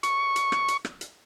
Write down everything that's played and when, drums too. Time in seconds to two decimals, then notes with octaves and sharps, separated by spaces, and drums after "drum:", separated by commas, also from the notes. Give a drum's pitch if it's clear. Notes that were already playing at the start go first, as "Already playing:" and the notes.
0.03 C#6, drum: hi-hat
0.36 drum: hi-hat
0.52 drum: rim click
0.68 drum: hi-hat
0.85 drum: rim click
1.01 drum: hi-hat